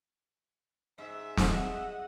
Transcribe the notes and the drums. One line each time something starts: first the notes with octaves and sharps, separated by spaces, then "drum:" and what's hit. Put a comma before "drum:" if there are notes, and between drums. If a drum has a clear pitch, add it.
G#2 E5
D#5 F#5, drum: snare